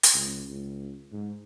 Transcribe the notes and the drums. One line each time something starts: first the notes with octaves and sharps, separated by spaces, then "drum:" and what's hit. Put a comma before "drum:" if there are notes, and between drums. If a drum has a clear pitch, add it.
drum: hi-hat
C#2
C#2
G#2